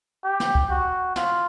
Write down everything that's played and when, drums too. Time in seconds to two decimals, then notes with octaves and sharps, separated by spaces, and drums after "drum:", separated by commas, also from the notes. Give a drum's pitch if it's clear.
0.24 G4
0.40 drum: snare
0.55 drum: kick C2
0.70 F#4
1.16 F4, drum: snare